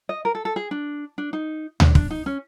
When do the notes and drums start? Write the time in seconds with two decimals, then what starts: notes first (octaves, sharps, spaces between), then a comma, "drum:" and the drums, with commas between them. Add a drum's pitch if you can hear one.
0.09 D#5
0.25 A#4
0.35 A4
0.45 A4
0.56 G#4
0.71 D4
1.18 D4
1.33 D#4
1.80 D4, drum: tom D2
1.95 D4, drum: kick
2.11 D#4
2.26 C#4